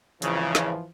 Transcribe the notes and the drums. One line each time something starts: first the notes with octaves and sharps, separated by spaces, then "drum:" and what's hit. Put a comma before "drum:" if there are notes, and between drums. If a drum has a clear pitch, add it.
G#1 C#3 E3 F3, drum: hi-hat
drum: snare